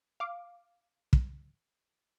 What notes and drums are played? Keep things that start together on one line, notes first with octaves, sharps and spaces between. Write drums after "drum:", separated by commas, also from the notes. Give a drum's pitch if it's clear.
F5 D6
drum: kick